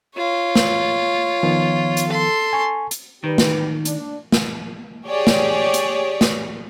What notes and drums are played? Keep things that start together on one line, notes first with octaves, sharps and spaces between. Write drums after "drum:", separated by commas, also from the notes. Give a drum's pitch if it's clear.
F4 C#5
drum: snare
D#3 F3 B3
drum: hi-hat
A4 C6
G#5 C#6
drum: hi-hat
D#3 G3 G4 B4
drum: snare
D4, drum: hi-hat
drum: snare
G4 G#4 C#5 D5
drum: snare
drum: hi-hat
drum: snare